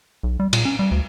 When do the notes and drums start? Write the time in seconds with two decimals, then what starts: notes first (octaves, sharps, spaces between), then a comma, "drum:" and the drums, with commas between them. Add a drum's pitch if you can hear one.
0.23 B1
0.40 G3
0.53 A#2, drum: cymbal
0.65 C#4
0.79 G3
0.91 D2